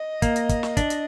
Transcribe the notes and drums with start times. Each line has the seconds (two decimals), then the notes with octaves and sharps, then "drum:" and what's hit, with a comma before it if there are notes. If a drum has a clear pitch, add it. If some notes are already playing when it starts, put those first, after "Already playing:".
Already playing: D#5
0.22 A#3, drum: kick, hi-hat
0.36 drum: hi-hat
0.49 drum: kick, hi-hat
0.63 drum: snare
0.77 D4, drum: kick, hi-hat
0.90 drum: hi-hat